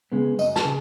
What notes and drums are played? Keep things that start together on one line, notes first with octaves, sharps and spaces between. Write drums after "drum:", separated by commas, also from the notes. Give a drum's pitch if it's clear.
C#3 G#3 B3
F#2 D#5, drum: tambourine
A5, drum: snare
C#3